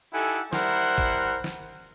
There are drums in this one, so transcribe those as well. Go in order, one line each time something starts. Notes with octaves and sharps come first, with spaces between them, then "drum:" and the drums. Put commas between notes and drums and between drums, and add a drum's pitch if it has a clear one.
D#4 E4 G4 A4 F#5 G#5
G3 E4 A#4 C5 F#5, drum: snare
drum: kick
drum: snare